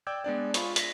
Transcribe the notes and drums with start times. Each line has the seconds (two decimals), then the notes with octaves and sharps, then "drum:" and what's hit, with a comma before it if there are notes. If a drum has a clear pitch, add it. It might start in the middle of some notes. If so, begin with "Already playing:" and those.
0.07 D5 G5 D6 E6 G6 G#6
0.24 G#3 B3 D4 D5
0.54 F4 G#4 B5 C#6, drum: hi-hat
0.76 A#6 B6, drum: hi-hat